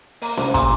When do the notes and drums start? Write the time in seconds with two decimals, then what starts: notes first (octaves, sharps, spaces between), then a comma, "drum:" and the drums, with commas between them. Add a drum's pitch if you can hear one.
0.22 A#3, drum: open hi-hat
0.37 C2, drum: snare C#4
0.54 A#2, drum: kick, hi-hat